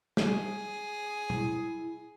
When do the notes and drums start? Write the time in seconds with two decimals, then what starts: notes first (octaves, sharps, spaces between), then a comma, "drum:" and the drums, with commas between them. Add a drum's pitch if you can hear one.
0.17 G#4, drum: snare
1.30 E4, drum: tom